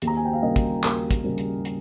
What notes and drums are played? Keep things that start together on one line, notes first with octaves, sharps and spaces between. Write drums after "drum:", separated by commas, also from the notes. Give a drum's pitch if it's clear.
D#2, drum: hi-hat
A#5
G#5
G5
F5
C#3 G3 A#3 D#5
drum: kick, hi-hat
D#2 A#4, drum: clap
drum: kick, hi-hat
C#3 G3 A#3
drum: hi-hat
drum: hi-hat